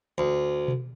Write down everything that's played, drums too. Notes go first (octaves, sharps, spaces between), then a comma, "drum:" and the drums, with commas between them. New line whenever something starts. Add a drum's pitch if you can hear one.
D2
drum: tom B2